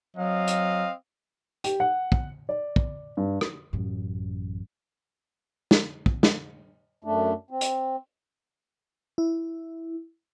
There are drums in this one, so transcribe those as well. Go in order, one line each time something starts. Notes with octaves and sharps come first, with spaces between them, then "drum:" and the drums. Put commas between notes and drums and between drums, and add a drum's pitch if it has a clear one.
F#3 C4 D#5 F5
drum: hi-hat
G4, drum: hi-hat
F#5
drum: kick
D5
drum: kick
G2
drum: rim click
A1 F#2
drum: snare
drum: kick
drum: snare
F#2 A3 D4
C4
drum: hi-hat
E4